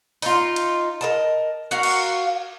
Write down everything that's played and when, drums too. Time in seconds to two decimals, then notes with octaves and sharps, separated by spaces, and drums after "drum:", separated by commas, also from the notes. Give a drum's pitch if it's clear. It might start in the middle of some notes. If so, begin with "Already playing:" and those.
0.22 D#4 F4, drum: open hi-hat
0.56 drum: cymbal
1.01 A#4 D#5 A5
1.71 F#4 A#4 F5 F#5
1.83 drum: cymbal